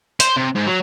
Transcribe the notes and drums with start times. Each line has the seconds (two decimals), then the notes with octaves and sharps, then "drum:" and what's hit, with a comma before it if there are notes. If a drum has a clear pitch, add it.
0.20 C5, drum: hi-hat
0.36 C3
0.55 G#2
0.67 F#3